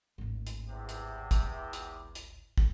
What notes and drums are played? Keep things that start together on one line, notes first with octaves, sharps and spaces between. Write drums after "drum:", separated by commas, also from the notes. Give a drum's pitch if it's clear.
D1 G#1
drum: hi-hat
E2 C3
drum: hi-hat
drum: kick, hi-hat
drum: hi-hat
drum: hi-hat
drum: kick